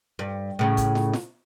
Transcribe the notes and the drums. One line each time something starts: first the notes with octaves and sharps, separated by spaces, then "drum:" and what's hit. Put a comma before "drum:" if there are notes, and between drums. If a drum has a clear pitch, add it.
G2
A2 C#3
drum: kick G#1, hi-hat
drum: snare
drum: snare